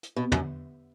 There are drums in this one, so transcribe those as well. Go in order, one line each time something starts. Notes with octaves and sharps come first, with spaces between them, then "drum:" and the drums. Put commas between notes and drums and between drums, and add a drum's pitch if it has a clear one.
drum: hi-hat
B2
F#2, drum: tom